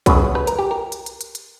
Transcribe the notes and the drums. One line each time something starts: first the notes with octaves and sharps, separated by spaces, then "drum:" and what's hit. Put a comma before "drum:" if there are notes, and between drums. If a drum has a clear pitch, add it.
F#2 C#3 F#3 B4, drum: kick, hi-hat
B4, drum: rim click
A#4, drum: hi-hat
G4
A#4
drum: hi-hat
drum: hi-hat
drum: hi-hat
drum: hi-hat